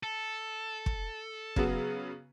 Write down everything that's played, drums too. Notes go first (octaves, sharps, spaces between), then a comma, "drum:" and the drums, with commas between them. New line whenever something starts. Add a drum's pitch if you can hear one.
A4
drum: kick
C#3 F#3 B3, drum: kick